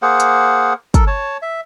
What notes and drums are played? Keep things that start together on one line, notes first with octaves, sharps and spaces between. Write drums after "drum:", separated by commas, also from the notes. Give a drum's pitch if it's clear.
A#3 G#4 C5 F#5
drum: hi-hat
A4 A#4, drum: kick, hi-hat
C#5 A5
E5